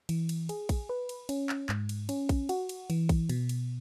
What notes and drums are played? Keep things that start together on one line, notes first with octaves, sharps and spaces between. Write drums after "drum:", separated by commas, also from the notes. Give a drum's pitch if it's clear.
E3, drum: cymbal
drum: cymbal
G#4, drum: cymbal
drum: kick A#1, cymbal
B4
drum: cymbal
C#4, drum: cymbal
drum: clap
G#2, drum: clap
drum: cymbal
C#4, drum: cymbal
drum: kick A#1, cymbal
F#4, drum: cymbal
drum: cymbal
E3, drum: cymbal
drum: kick A#1, cymbal
B2, drum: cymbal
drum: cymbal